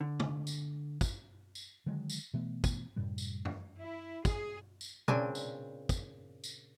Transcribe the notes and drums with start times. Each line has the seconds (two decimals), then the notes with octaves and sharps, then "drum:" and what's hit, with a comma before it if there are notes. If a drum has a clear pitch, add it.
0.01 D3
0.20 drum: tom
0.47 drum: tambourine
1.01 drum: kick, tambourine
1.55 drum: tambourine
1.86 D3 D#3 F#3 G#3
2.10 drum: tambourine
2.34 B2 E3 A3 B3
2.64 drum: kick, tambourine
2.96 F#2 A2 C3 G3
3.18 drum: tambourine
3.45 drum: tom
3.79 E4
4.25 G#4, drum: kick, tambourine
4.81 drum: tambourine
5.08 A#2 C#3 C4 D4 G#5, drum: tom
5.35 drum: tambourine
5.89 drum: kick, tambourine
6.44 drum: tambourine